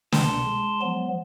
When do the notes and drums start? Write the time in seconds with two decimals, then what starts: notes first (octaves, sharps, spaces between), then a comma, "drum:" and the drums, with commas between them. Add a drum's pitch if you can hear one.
0.12 C2 B2 A#3 A5 C6, drum: snare
0.47 G#3
0.81 F3 F#3 B3